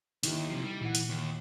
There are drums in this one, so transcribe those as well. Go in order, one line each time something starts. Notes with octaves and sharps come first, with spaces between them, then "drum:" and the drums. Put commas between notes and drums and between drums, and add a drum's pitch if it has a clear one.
D#2 D#4 E4 G4, drum: hi-hat
C3 F3
G3
A#2 E3 F#5
drum: hi-hat
D#2